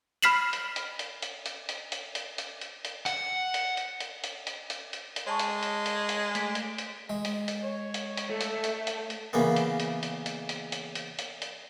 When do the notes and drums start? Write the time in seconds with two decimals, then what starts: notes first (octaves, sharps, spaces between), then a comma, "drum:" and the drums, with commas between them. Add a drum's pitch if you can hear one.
0.22 B5 F6 B6 C7 E7 F#7
0.53 drum: hi-hat
0.76 drum: hi-hat
0.99 drum: hi-hat
1.22 drum: hi-hat
1.46 drum: hi-hat
1.69 drum: hi-hat
1.92 drum: hi-hat
2.15 drum: hi-hat
2.38 drum: hi-hat
2.61 drum: hi-hat
2.85 drum: hi-hat
3.06 F#5, drum: hi-hat
3.54 drum: hi-hat
3.77 drum: hi-hat
4.00 drum: hi-hat
4.24 drum: hi-hat
4.47 drum: hi-hat
4.70 drum: hi-hat
4.93 drum: hi-hat
5.16 drum: hi-hat
5.27 G#3 C#5 A5 C#6
5.39 drum: hi-hat
5.63 drum: hi-hat
5.86 drum: hi-hat
6.09 drum: hi-hat
6.35 A3 B6 D7, drum: hi-hat
6.55 drum: hi-hat
6.78 drum: hi-hat
7.10 G#3
7.25 drum: hi-hat
7.48 drum: hi-hat
7.63 C#5
7.94 drum: hi-hat
8.17 drum: hi-hat
8.30 A3 A4
8.41 drum: hi-hat
8.64 drum: hi-hat
8.87 drum: hi-hat
9.10 drum: hi-hat
9.33 C#3 E3 A#3 B3
9.56 drum: hi-hat
9.80 drum: hi-hat
10.03 drum: hi-hat
10.26 drum: hi-hat
10.49 drum: hi-hat
10.72 drum: hi-hat
10.95 drum: hi-hat
11.19 drum: hi-hat
11.42 drum: hi-hat